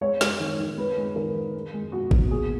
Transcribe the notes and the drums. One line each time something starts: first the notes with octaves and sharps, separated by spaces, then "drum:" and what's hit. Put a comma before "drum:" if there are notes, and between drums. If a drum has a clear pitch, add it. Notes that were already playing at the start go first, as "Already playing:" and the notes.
G#3 C#5
G#3, drum: snare
D#3
D#3
G#3 B4
G#3
D#3 A#4
D#3
G#3
G#3
B2 F#4
B2, drum: kick G#1
A#2 G#4